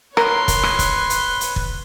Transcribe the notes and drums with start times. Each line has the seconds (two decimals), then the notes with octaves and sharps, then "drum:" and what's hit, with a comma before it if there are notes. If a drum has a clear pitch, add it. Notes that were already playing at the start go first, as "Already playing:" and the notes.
0.17 A#4 B4 C#5 C6, drum: rim click
0.48 drum: kick, hi-hat
0.63 drum: rim click
0.79 drum: kick, hi-hat
1.10 drum: hi-hat
1.41 drum: hi-hat
1.56 drum: kick